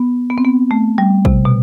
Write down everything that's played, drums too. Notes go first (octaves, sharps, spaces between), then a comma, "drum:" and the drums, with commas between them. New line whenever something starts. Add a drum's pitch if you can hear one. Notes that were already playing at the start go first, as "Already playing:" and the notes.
Already playing: B3
B3
C4
B3
A3
G3
C3, drum: kick
B2